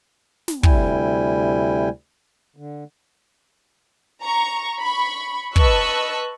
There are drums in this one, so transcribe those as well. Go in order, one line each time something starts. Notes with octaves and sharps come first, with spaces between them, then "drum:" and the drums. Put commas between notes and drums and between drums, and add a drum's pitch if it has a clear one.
drum: snare
D2 C3 G3 E4 G5 G#5, drum: kick
D3
A#5 C#6
B5 C#6
B4 D#5 A5 C#6 E6 F#6, drum: kick